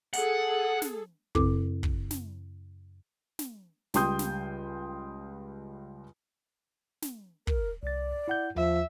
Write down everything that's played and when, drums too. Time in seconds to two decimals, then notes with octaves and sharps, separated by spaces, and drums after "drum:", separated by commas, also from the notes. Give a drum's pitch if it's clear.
0.13 G#4 A4 F#5, drum: hi-hat
0.82 drum: snare
1.35 F#2 C#3 C4 A4 D6, drum: kick
1.83 drum: kick
2.11 drum: snare
3.39 drum: snare
3.94 C#2 G3 G5 C6 D#6 G6, drum: snare
4.19 drum: snare
7.02 drum: snare
7.47 A#4, drum: kick
7.83 C2 D5 A6
8.28 E4 F#5 G6
8.56 D#2 F3 E5